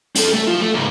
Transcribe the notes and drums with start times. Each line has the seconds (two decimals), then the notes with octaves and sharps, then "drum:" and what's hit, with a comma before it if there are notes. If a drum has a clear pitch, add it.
0.16 C4 A4, drum: hi-hat
0.33 A3
0.47 F3 F4
0.60 A3
0.74 C#2 G#2